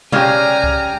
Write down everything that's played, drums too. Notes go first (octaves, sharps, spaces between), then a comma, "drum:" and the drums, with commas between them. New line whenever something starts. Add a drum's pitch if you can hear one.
C#3 G#3 C#4 G4 D5 F5 G#5 A#5, drum: tom B2
drum: kick C2